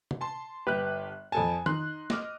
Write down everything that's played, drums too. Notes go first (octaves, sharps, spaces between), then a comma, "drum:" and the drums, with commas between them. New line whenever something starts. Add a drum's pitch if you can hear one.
drum: tom C3
A5 C6
G1 G4 B4 F#6
F2 A4 G#5 A5
D#4 C6 F#6, drum: tom D#3
D#5 D6 F6, drum: snare